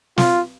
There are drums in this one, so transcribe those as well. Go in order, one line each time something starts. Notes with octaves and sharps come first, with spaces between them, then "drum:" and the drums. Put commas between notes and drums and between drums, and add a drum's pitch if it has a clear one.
F4, drum: snare